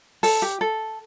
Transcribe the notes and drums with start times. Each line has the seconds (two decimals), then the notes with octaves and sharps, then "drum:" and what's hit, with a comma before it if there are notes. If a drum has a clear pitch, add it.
0.23 A4, drum: open hi-hat
0.42 G4
0.61 A4